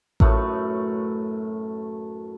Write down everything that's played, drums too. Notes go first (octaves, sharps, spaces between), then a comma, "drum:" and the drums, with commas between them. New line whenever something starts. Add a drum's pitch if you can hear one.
F#2 A2 A3 B4, drum: kick A1